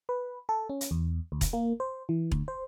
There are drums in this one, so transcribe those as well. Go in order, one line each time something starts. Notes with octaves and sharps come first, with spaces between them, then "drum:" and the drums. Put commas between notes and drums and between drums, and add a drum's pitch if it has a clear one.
B4
A4
C#4
drum: hi-hat
E2
D2
drum: kick E1, hi-hat
A#3
C5
E3
D2, drum: kick E1
C5